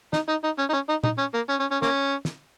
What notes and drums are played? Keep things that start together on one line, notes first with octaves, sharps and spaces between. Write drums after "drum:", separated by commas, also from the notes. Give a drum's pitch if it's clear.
D#4, drum: snare
D#4
D#4
C#4
D#4
C#4
D#4
D#4, drum: tom
C#4
A#3
C#4
C#4
C#4
A#3 C#4, drum: snare
drum: snare